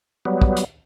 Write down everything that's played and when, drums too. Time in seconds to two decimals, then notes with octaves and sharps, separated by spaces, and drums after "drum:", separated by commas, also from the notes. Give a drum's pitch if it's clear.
0.25 F#3 G3 B3
0.41 drum: kick
0.57 drum: hi-hat